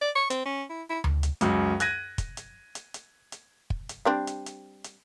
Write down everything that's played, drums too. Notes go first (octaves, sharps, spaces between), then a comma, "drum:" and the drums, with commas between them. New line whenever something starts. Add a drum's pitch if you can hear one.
D5
C#6
C4, drum: hi-hat
C#4
E4
E4
drum: tom D2
drum: hi-hat
C#2 F#2, drum: hi-hat
F#6 G#6 A#6 D#7, drum: hi-hat
drum: kick, hi-hat
drum: hi-hat
drum: hi-hat
drum: hi-hat
drum: hi-hat
drum: kick
drum: hi-hat
G3 C4 D4
drum: hi-hat
drum: hi-hat
drum: hi-hat